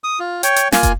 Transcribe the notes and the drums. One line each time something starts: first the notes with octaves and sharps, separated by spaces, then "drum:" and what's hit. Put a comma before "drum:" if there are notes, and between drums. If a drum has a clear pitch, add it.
D#6
F4
C#5 G5, drum: hi-hat
drum: hi-hat
A#3 F4 G#5, drum: snare
drum: kick, hi-hat